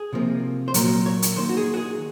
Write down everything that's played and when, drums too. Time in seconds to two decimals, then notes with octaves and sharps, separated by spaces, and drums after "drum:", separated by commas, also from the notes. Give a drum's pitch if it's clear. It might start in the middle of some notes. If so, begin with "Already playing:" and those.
Already playing: G#4
0.13 C3 F3 A#3
0.68 C5
0.74 A#2 F#3 A#3 A#4, drum: hi-hat
1.06 C#5
1.22 drum: hi-hat
1.36 D#3 A#3 C5
1.49 F#4
1.57 G#4
1.74 F#4
1.77 G#4